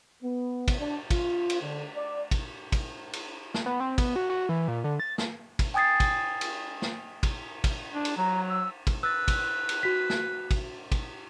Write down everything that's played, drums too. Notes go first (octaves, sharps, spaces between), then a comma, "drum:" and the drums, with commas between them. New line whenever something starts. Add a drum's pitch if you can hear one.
B3
drum: kick, cymbal
D4
F4, drum: kick, cymbal
drum: cymbal
D3
D5
drum: kick, cymbal
drum: kick, cymbal
drum: cymbal
drum: snare
B3
C4
B3, drum: kick, cymbal
F#4
F#4
E3
A#2
D3
A6
drum: snare
drum: kick, cymbal
G5 G#5 D#6 G#6 A6 C7
drum: kick, cymbal
drum: cymbal
drum: snare
drum: kick, cymbal
drum: kick, cymbal
D4
drum: cymbal
F#3 A#5
E6
drum: kick, cymbal
B4 E6 A6
drum: kick, cymbal
drum: cymbal
F#4 B6
drum: snare
drum: kick, cymbal
drum: kick, cymbal